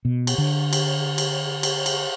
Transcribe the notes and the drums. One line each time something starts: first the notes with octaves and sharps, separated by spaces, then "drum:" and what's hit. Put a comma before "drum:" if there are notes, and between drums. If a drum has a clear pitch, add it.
B2
drum: cymbal
D3
drum: cymbal
drum: cymbal
drum: cymbal
drum: cymbal